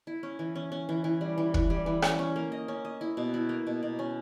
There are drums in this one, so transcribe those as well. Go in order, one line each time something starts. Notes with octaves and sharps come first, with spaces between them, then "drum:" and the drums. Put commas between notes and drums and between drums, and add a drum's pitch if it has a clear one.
E4
C#4
E3
C#4
C#4
E3
E3
G3
E3
E3, drum: kick
G3
E3
C#4, drum: rim click
C#4
A#3
D#5
C#4
D#5
E4
B2
E4
A#3
B2
B2
C#4